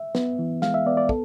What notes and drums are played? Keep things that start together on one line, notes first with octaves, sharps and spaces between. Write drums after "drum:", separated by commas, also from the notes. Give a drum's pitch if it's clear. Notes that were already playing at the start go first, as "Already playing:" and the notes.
Already playing: E5
B3, drum: snare
E3
G#3 F5, drum: snare
E5
B3 D5
D5
A4, drum: kick